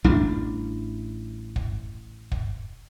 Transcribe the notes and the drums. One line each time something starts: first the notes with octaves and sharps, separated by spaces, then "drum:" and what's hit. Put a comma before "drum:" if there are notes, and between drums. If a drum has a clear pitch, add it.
A1 G3 D4, drum: kick
drum: kick
drum: kick